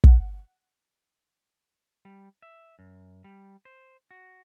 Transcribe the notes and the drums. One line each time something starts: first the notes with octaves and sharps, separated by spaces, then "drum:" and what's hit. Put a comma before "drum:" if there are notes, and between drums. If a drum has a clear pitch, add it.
F#5, drum: kick
G3
E5
F#2
G3
C5
F#4